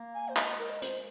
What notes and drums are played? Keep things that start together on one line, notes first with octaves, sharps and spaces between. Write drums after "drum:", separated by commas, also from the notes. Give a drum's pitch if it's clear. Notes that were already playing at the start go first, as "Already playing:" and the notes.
Already playing: A#3
G#5
C5
G#3 D#5, drum: clap
A#4
D#5
C5, drum: hi-hat